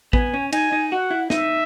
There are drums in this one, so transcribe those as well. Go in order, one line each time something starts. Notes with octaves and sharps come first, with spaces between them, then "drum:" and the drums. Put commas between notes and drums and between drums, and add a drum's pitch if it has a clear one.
B3 G#5, drum: kick A1
C#4
D#4 G#5, drum: cymbal
D#4
F#4 F#5
E4
D#4 E5, drum: snare